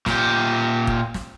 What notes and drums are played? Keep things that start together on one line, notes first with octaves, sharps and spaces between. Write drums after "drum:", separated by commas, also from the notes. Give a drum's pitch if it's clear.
A#2 G4, drum: snare
drum: kick
drum: snare